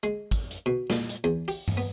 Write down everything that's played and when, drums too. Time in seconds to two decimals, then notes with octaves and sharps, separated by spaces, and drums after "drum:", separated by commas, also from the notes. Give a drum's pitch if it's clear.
0.03 G#3
0.31 drum: kick, hi-hat
0.51 drum: hi-hat
0.66 B2
0.90 A#2, drum: snare
1.09 drum: hi-hat
1.24 E2
1.48 G4, drum: open hi-hat
1.68 drum: tom G2
1.77 B3